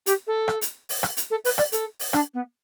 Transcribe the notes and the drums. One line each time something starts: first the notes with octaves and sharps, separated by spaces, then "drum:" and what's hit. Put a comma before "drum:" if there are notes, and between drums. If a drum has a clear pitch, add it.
G4, drum: hi-hat
A4
drum: rim click
drum: hi-hat
drum: open hi-hat
drum: rim click
drum: hi-hat
A4
B4, drum: open hi-hat
D5, drum: rim click
A4, drum: hi-hat
drum: open hi-hat
D4, drum: rim click
B3